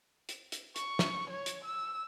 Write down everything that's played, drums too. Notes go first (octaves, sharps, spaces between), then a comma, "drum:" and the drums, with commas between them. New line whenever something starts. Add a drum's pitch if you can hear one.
drum: hi-hat
drum: hi-hat
C#6, drum: hi-hat
drum: snare
C#5
drum: hi-hat
E6